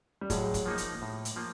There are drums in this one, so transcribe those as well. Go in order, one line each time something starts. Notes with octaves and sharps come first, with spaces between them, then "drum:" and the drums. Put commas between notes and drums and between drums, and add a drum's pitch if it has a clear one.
G3
A2 F#3 G#3, drum: kick, hi-hat
drum: kick, hi-hat
F3 A#3 D#4
drum: hi-hat
A2
drum: hi-hat
F3 A#3